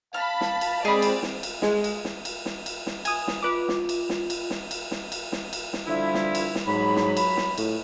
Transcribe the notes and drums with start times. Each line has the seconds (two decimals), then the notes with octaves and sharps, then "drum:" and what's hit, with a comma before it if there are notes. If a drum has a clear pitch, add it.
0.14 F5 A5 B5 F6
0.41 drum: snare
0.61 drum: cymbal
0.85 G#3 C4 G#4 D5 D#5 B5
1.02 drum: cymbal
1.23 drum: snare
1.43 drum: cymbal
1.62 G#3, drum: snare
1.84 drum: cymbal
2.05 drum: snare
2.25 drum: cymbal
2.46 drum: snare
2.66 drum: cymbal
2.87 drum: snare
3.05 G#5 D#6, drum: cymbal
3.28 drum: snare
3.43 F4 B4 D6
3.68 drum: snare
3.89 drum: cymbal
4.09 drum: snare
4.30 drum: cymbal
4.50 drum: snare
4.71 drum: cymbal
4.91 drum: snare
5.12 drum: cymbal
5.32 drum: snare
5.53 drum: cymbal
5.73 drum: snare
5.87 D3 F3 G3 E4
6.14 drum: snare
6.35 drum: cymbal
6.55 drum: snare
6.67 G#2 F#3 B5
6.96 drum: snare
7.17 drum: cymbal
7.37 drum: snare
7.58 A2, drum: cymbal